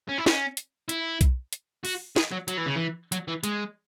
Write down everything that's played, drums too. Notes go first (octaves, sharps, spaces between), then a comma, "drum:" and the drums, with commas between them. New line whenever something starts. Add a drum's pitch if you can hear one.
C#4
E4
C#4, drum: snare
drum: hi-hat
E4, drum: hi-hat
drum: kick B1, hi-hat
drum: hi-hat
F#4, drum: open hi-hat
G#4, drum: snare
F#3
F#3, drum: hi-hat
E3
C#3
E3
F#3, drum: hi-hat
E3
G#3, drum: hi-hat